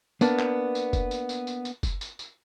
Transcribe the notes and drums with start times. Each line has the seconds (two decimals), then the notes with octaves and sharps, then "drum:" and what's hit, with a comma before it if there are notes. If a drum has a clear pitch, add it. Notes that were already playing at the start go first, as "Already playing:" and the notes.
0.21 A#3 B3 D4, drum: tambourine
0.39 drum: clap
0.75 drum: tambourine
0.93 drum: kick, tambourine
1.11 drum: tambourine
1.29 drum: tambourine
1.47 drum: tambourine
1.65 drum: tambourine
1.83 drum: kick, tambourine
2.01 drum: tambourine
2.19 drum: tambourine